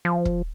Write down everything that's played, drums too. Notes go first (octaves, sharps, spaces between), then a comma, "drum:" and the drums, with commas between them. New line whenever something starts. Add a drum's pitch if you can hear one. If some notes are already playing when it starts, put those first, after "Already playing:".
F3
drum: kick